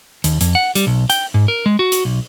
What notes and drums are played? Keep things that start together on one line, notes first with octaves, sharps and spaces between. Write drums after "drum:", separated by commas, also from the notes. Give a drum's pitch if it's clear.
D#2, drum: hi-hat
F2, drum: hi-hat
F#5
G3, drum: hi-hat
B1
G5, drum: hi-hat
G#2
A#4
G#3
F#4
drum: hi-hat
B1